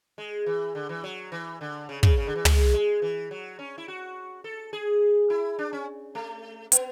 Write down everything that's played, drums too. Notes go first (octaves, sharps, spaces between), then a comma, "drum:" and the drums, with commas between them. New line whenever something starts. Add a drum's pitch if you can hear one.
G#3
E3
D3
E3
F#3
E3
D3
C#3
C#3, drum: kick
C#3
D3
E3
G#3, drum: tom
G#3
E3
F#3
C#4
E4
F#4
A4
G#4
E4
D4
C#4
A3
B3, drum: hi-hat